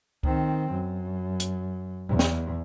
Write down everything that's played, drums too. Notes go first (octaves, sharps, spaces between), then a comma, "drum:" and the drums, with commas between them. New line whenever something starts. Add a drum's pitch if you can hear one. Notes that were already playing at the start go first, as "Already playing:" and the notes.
D#3 C4, drum: kick C#2
F#2
drum: hi-hat
E2
drum: snare